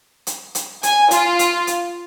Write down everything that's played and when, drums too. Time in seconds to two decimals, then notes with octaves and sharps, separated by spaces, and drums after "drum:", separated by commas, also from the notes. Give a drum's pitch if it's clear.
0.27 drum: hi-hat
0.55 drum: hi-hat
0.83 G#5, drum: hi-hat
1.11 F4, drum: hi-hat
1.39 drum: hi-hat
1.67 drum: hi-hat